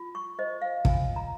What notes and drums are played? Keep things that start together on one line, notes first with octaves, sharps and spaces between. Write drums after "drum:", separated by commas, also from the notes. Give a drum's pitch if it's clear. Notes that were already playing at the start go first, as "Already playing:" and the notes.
Already playing: F4
C#6
C5 D#5
F5
F4 G#5, drum: kick
A#5